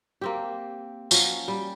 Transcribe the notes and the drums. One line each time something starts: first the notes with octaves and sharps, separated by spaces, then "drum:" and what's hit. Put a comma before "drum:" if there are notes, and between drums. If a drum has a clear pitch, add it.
A#3 C4 G4
F3 F#3 C#4, drum: tambourine
G3